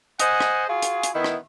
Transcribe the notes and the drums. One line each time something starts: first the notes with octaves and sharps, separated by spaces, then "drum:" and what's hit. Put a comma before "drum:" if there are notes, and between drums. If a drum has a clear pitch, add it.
C5 D#5 F#5 G#5, drum: hi-hat
drum: rim click
F4 F#4 G#4
drum: hi-hat
drum: hi-hat
D#3 B3 E4
drum: rim click